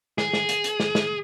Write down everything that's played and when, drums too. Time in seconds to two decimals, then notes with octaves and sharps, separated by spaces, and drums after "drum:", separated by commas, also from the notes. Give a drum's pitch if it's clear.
0.18 G#4, drum: snare
0.33 drum: snare
0.49 drum: hi-hat
0.64 drum: hi-hat
0.80 drum: snare
0.95 drum: snare